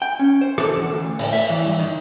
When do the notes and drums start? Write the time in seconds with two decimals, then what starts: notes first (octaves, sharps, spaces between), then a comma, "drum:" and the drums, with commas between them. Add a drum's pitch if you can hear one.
0.02 G5
0.19 C#4
0.41 C5
0.58 A4, drum: rim click
0.81 E2
0.93 D2
1.19 A2, drum: open hi-hat
1.33 E5
1.50 E3
1.65 G2
1.79 D#3